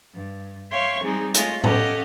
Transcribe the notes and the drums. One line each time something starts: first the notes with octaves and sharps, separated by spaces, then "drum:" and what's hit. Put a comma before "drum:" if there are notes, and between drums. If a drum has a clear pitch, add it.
G2
C#5 E5 F5 G5 C6 C#6
G3 G#3 C4 D#4 G#4
G#3 A3 F4 C#5 D#5, drum: hi-hat
C#4 G4 A4 D#5 F5 F#5, drum: tom A2